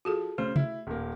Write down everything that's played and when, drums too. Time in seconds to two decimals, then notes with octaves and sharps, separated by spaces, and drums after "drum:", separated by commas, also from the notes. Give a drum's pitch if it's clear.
0.05 F3 F#4 G#4 A4
0.38 C#3 A3 C5
0.56 E4, drum: tom C3
0.87 D#1 A#3